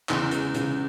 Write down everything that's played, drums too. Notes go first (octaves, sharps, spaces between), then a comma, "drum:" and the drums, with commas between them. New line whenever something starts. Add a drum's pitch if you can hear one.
E2 C#3 E3, drum: clap
G#3, drum: hi-hat
C#3, drum: hi-hat